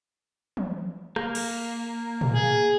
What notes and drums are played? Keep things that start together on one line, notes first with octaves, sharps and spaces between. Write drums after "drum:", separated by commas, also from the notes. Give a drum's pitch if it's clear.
drum: tom
A#3, drum: rim click
drum: cymbal
drum: tom
G#4